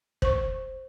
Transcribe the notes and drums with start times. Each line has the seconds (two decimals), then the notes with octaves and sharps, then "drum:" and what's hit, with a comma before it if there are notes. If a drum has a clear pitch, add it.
0.22 C5 C#6, drum: kick